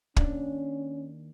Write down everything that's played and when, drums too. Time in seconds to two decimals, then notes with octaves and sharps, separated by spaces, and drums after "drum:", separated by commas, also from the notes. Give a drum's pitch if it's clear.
0.16 D#2 C#4 D4, drum: kick